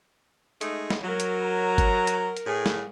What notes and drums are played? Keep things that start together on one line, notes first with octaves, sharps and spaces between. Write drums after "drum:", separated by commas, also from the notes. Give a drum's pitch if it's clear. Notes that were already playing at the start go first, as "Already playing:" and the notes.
G#3 A3 D#4, drum: hi-hat
drum: snare
F#3 A#4
drum: hi-hat
A#5
drum: kick, hi-hat
drum: hi-hat
drum: hi-hat
A2 G#4
drum: snare